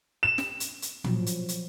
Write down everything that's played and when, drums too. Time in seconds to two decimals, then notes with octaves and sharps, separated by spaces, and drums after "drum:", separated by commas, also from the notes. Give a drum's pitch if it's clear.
0.23 E7
0.38 drum: snare
0.60 drum: hi-hat
0.82 drum: hi-hat
1.04 F3 F#3, drum: tom
1.26 drum: hi-hat
1.49 drum: hi-hat